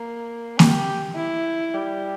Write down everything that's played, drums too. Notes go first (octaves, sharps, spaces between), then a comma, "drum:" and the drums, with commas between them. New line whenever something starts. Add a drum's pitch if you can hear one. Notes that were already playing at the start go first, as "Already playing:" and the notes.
Already playing: A#3
G4, drum: snare A#3
E4
G3